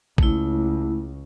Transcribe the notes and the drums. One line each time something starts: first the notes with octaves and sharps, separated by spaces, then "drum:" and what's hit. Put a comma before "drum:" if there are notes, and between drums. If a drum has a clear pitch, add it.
C#2 A3 E4, drum: kick A1